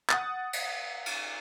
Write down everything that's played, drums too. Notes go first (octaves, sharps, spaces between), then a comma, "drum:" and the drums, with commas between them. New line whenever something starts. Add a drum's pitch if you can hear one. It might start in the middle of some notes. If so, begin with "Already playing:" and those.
F#5 D#6 A6, drum: clap
drum: cymbal
drum: cymbal